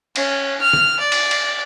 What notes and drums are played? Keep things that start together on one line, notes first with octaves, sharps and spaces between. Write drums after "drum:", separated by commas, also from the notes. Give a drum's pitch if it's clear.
C#4, drum: cymbal
F6
drum: tom
D5
drum: cymbal
drum: cymbal